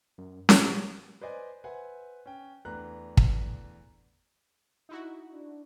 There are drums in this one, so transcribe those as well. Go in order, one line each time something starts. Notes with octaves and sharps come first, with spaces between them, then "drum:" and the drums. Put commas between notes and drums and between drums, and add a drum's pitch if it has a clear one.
F#2
A1 B2 B3 G4 C#5 A6, drum: snare C#4
B4 C5 D5 D#5 G#5
B4 C5 E5 F#5 G#5
C#4 G5
E2 A3 D4 B4 A#5 F#6
drum: kick
D#4 E4 F#4
D4